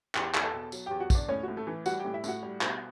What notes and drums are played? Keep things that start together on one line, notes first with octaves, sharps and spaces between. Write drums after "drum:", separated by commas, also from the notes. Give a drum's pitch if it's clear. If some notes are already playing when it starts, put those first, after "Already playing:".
E2 G4 G5, drum: clap
E2, drum: clap
A4 A5
B2
F#3, drum: tambourine
E2 G4 G5
F#4 F#5
E2 D4 D5, drum: kick, tambourine
A2 C#4 C#5
A2 F#4
A3 A4
E3
G3 F#4 F#5, drum: tambourine
A2 G4 G5
E4 E5
A2 F#4 F#5, drum: tambourine
G3
B2, drum: clap